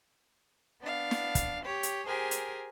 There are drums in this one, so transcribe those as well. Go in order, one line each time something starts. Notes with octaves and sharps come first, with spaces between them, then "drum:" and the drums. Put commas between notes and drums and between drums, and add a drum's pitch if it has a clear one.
B3 D4 F5
drum: snare
drum: kick, hi-hat
G4 C#5
drum: hi-hat
G4 G#4 A#4 C5 G#5
drum: hi-hat